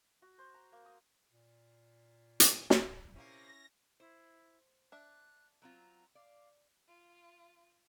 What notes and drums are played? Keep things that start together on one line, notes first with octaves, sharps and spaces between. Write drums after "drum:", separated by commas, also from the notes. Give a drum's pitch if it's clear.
F#4
C5
A#5
A#3
D#6
A#2
drum: hi-hat
drum: snare
C3 A#3 C#4 E4 A#6
E4 C5
D4 E5 F#6
F#3 C4 F4 A#5
D5 F5
F4